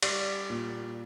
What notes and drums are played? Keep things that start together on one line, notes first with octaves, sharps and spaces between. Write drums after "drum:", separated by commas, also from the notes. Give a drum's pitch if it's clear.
G3 D5, drum: cymbal
A#2